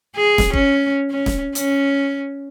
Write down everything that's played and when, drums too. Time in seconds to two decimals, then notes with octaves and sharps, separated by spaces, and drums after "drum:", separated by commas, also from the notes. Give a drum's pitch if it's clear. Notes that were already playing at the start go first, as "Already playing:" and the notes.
0.16 G#4
0.38 drum: snare
0.53 C#4, drum: kick G1
1.11 C#4
1.26 drum: snare
1.55 C#4, drum: hi-hat